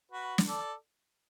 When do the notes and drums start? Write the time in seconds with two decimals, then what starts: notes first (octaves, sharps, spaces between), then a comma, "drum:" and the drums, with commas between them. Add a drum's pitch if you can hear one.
0.12 F#4 B4
0.38 drum: snare
0.48 A4 D5